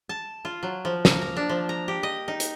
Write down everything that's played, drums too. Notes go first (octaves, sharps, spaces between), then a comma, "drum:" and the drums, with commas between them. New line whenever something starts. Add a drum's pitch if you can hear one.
A5
F4
F#3
F3
A#3, drum: snare
A#5
D4
F3
A#5
G4
D#5
D#4
drum: hi-hat